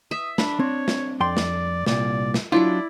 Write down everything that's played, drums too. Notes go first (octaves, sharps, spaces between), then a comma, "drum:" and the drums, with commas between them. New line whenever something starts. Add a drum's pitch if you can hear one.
E5 D#6
D4 B5, drum: snare
C4 C#5
drum: snare
F2 D5 G5 C6
drum: snare
C2 A#2 D5, drum: snare
drum: snare
F#3 D4 E4 F4 D5